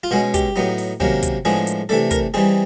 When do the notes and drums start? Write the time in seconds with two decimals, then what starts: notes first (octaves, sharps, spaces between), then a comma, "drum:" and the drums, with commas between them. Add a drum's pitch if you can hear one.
0.03 F4
0.11 B2 G#3 C#4 F#4
0.34 G4, drum: kick, hi-hat
0.56 A2 F#3 B3 D#4
0.78 drum: open hi-hat
1.00 C3 D#3 F#3 A#3 C#4, drum: kick
1.23 drum: kick, hi-hat
1.45 A2 F3 G#3 B3 D4 G#4
1.67 drum: hi-hat
1.89 C3 E3 A3 D4 A4
2.11 A#4, drum: kick, hi-hat
2.34 E3 G3 C4 D#4 G#4